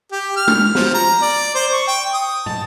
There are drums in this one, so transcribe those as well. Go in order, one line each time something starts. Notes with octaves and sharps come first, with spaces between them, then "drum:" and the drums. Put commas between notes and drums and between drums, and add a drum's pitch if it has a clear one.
G4
F6
drum: tom G#3
F3, drum: snare
A#5
D5
C5
C#6
G5
D#6
A5, drum: tom